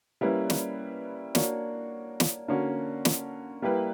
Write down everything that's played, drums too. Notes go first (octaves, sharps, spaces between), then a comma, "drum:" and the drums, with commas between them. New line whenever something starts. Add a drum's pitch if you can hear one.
G3 A#3 C#4 E4 B4
drum: snare
A#3 D4 F#4 C#5, drum: snare
drum: snare
D3 A#3 C#4 F#4
drum: snare
G3 A#3 E4 G4 B4